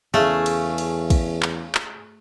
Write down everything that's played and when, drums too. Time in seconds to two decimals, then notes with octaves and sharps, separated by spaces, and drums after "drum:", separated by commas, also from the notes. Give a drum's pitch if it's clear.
0.14 E2 C#3 A3 C#4 G#4 A5
0.46 drum: cymbal
0.78 drum: cymbal
1.10 drum: kick, cymbal
1.43 drum: clap
1.75 drum: clap